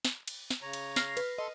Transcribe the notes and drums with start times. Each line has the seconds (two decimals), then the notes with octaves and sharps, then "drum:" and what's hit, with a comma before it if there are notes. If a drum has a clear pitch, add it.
0.05 drum: snare
0.28 drum: cymbal
0.50 drum: snare
0.62 C#3 C#5 A#5
0.73 drum: cymbal
0.96 F6 A#6 C7, drum: snare
1.17 B4, drum: cymbal
1.38 A4 D#5 C6